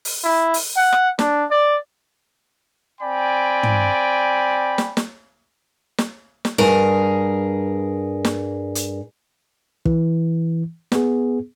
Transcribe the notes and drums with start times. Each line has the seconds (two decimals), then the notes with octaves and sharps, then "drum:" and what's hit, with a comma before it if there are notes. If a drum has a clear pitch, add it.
0.05 drum: open hi-hat
0.24 E4
0.54 drum: open hi-hat
0.76 F#5
0.93 drum: rim click
1.19 D4, drum: snare
1.51 D5
3.01 C4 D5 G5 G#5 B5
3.63 drum: tom
4.78 drum: snare
4.97 drum: snare
5.98 drum: snare
6.45 drum: snare
6.58 G2 G#4 A#4
8.25 drum: snare
8.75 drum: hi-hat
9.86 E3, drum: kick
10.92 B3 G#4, drum: snare